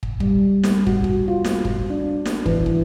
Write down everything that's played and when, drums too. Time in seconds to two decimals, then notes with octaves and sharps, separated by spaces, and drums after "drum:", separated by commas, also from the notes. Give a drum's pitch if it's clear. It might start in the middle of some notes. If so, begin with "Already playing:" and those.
0.03 drum: kick
0.20 G3, drum: kick
0.63 drum: snare
0.87 F#4, drum: kick
1.04 drum: kick
1.28 F4
1.44 drum: snare
1.65 drum: kick
1.90 D4
2.25 drum: snare
2.46 E3, drum: kick
2.66 drum: kick